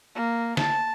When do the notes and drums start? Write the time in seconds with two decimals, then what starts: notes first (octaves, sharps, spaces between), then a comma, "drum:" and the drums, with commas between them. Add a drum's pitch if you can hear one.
0.15 A#3
0.57 A5, drum: snare